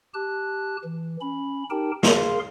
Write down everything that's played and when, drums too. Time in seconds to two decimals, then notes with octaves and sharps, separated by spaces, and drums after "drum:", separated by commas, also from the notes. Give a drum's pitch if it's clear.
0.14 G4 A5 F#6
0.84 E3
1.21 C#4 B5
1.70 D#4 G4 A#4 G5 A5
2.03 G#4 A#4 F5 C6, drum: snare